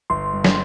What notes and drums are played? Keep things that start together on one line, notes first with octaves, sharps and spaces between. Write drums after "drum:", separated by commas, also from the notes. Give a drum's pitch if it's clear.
G1 C6
G2
drum: snare